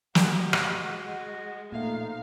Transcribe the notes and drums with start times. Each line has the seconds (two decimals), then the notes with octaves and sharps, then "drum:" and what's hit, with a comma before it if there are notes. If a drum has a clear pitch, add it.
0.15 F#4 G4 D#5 F#5, drum: snare
0.53 drum: rim click
0.81 G#3
1.72 A#2 F3 A3 B3 D#4 F5